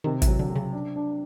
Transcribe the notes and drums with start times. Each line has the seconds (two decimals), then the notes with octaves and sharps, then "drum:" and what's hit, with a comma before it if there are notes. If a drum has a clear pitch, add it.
0.04 C3 D#3
0.22 E3, drum: kick, hi-hat
0.27 F#3
0.39 D3
0.50 F#3
0.56 C#3
0.73 D4
0.96 D4